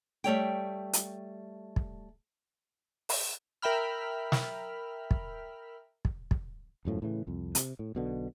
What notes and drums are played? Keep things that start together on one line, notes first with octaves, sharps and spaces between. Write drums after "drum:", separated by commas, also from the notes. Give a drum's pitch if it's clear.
G3 A3 C#5 G5
drum: hi-hat
drum: kick
drum: open hi-hat
A#4 E5 G5 B5 F6
drum: snare
drum: kick
drum: kick
drum: kick
E1 F#2 A2 F3
A2 C#3 E3
C2 F2
C3, drum: hi-hat
A2
B1 B2 D3